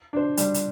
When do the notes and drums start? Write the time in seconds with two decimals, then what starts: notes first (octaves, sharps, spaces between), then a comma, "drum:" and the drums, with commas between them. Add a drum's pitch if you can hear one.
0.13 D4 C5
0.37 G3, drum: hi-hat
0.54 drum: hi-hat